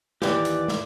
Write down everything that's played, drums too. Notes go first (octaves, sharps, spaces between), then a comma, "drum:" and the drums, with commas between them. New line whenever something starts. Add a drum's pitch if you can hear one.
D#2 E3 G4 D5, drum: snare
drum: hi-hat
drum: snare